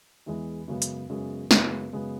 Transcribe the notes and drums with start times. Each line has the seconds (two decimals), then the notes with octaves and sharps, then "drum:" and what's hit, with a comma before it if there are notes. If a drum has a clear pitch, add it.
0.26 E2 E3 G#3
0.68 F#2 C#3 G#3 B3
0.82 drum: hi-hat
1.09 F#2 C#3 G#3 B3
1.51 F#2 C#3 G#3 B3, drum: snare
1.92 F#2 C#3 G#3 B3